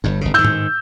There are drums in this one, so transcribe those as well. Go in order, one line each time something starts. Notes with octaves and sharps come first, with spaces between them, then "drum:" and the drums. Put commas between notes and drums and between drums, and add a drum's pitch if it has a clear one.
G1 G2
G1 C#3
G#2 D#3 E6 G6
drum: tom A2